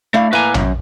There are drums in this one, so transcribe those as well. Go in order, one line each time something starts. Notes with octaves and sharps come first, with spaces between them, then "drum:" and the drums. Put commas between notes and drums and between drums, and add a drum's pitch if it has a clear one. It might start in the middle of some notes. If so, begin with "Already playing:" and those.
A3 E4 D5 F5
A2 A#3 B4 G#5 A#5
F#2, drum: tom A#1